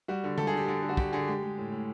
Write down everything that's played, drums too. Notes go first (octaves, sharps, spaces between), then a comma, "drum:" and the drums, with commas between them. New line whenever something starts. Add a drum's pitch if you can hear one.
G3 F#4
D3
G3 A4, drum: tom D3
G#4
D3 G4
D3 G#4
D3
F#4
D3 G4, drum: kick
D3 G#4
G#3 G4
G#3
A2
A2